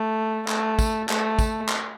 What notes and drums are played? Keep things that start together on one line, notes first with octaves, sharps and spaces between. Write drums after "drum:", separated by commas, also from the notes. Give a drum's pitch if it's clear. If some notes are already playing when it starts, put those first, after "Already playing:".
Already playing: A3
A3, drum: clap
drum: kick, tambourine
A3, drum: clap
drum: kick, tambourine
drum: clap